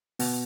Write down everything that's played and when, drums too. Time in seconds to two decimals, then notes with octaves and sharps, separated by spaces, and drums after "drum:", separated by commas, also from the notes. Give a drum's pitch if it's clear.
0.19 B2 B3, drum: open hi-hat